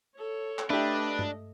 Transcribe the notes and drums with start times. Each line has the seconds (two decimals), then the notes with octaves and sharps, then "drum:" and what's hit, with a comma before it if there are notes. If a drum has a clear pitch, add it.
0.16 A4 C#5
0.59 drum: clap
0.70 A3 D4 G4 B4 D#5 E5
1.19 drum: tom G2